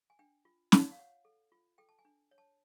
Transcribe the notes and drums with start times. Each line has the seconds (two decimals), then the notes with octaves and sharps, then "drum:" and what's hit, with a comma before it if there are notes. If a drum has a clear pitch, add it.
0.10 G#5
0.19 D4 G5
0.45 F4
0.72 F4, drum: snare
0.92 F5
0.98 C#5 F#5
1.25 A4
1.52 F4
1.78 A4 G5
1.89 A5
1.99 G#5
2.05 D4
2.31 C#5
2.38 A5